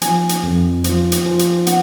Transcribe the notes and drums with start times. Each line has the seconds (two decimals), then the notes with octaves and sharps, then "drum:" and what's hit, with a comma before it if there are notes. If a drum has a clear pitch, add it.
0.02 F3 G#5, drum: hi-hat
0.29 drum: hi-hat
0.43 F2
0.84 F3, drum: hi-hat
1.12 drum: hi-hat
1.26 F3
1.39 drum: hi-hat
1.67 B3 F#5, drum: hi-hat